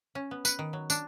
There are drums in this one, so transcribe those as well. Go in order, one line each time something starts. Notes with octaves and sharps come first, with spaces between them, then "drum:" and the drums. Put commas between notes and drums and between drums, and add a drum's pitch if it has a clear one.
C#4
B3
B4, drum: tambourine
D#3
F#3
D4, drum: tambourine